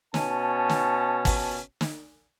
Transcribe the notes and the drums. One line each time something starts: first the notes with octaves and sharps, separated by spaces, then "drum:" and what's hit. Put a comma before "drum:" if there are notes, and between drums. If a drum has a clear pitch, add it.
B2 C#4 A5, drum: snare
drum: snare
drum: kick, open hi-hat
drum: snare